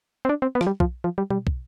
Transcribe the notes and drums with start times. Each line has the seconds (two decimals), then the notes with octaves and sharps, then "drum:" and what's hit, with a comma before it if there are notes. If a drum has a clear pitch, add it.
0.25 C4
0.29 D4
0.42 C4
0.55 B3
0.61 F3, drum: rim click
0.67 G3
0.80 F3, drum: kick
1.04 F3
1.18 G3
1.30 G3, drum: tom B2
1.47 drum: kick